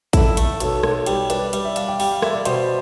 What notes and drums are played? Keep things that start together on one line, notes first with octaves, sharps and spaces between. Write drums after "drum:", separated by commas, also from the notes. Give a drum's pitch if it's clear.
E4 A4, drum: kick A1, hi-hat
A3, drum: hi-hat
B1 A4, drum: hi-hat
B1 A4, drum: rim click
G3 G4, drum: hi-hat
D4 B4, drum: hi-hat
G3 D5, drum: hi-hat
E5
D4 F5, drum: hi-hat
G5
G3 G5, drum: open hi-hat
F5
D4 E5, drum: rim click
D5
B2 C5, drum: hi-hat